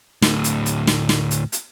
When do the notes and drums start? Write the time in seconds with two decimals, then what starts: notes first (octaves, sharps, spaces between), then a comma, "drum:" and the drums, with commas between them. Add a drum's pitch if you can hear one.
0.22 D2 A2, drum: snare
0.44 drum: hi-hat
0.66 drum: hi-hat
0.87 drum: snare
1.09 drum: snare
1.31 drum: hi-hat
1.52 drum: hi-hat